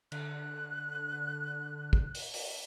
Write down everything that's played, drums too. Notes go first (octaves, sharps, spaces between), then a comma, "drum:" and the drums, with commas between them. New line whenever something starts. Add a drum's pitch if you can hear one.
D3 F#6, drum: cymbal
drum: kick
drum: open hi-hat
drum: open hi-hat